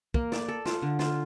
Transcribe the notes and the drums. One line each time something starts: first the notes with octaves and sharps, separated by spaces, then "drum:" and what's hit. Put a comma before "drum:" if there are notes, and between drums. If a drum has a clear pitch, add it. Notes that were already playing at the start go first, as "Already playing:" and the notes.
A#3, drum: kick
D5, drum: snare
A4
F4, drum: snare
D3
F4, drum: snare